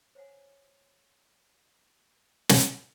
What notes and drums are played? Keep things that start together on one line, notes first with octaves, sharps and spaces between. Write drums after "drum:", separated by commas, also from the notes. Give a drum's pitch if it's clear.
C5 C#5 F5 F#5 G#5
drum: snare